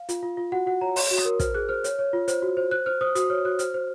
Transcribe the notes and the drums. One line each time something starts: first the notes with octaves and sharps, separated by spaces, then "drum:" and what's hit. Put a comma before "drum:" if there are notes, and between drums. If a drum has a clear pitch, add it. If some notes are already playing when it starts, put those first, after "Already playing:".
Already playing: F5
F4, drum: hi-hat
F4
F4
F#4 F#5
F#4 F#5
C#5 A#5
C#5 C6, drum: open hi-hat
F#4
D#6, drum: rim click
A#4
C5 F6, drum: kick, hi-hat
G#4 F#6
C5 F6
C#5, drum: hi-hat
C#5
F4
C5, drum: hi-hat
F#4
C5
C5 F#6
C5 F6
C5 D#6
F#4 D#6, drum: hi-hat
C#5 F6
F#4 F#6
C5 F6, drum: hi-hat
C5